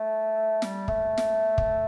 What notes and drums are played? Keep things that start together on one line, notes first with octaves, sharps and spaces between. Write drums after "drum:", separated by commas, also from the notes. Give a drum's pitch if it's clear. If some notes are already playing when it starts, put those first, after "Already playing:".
Already playing: A3
G3, drum: snare
A3, drum: kick
drum: snare
drum: kick